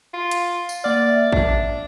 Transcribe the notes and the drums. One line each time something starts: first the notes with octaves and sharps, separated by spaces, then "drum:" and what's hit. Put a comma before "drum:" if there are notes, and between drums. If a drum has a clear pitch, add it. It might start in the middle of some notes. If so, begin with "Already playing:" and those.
F4
drum: hi-hat
drum: tambourine
A#3 D5 F#5 F6
E5
D4, drum: kick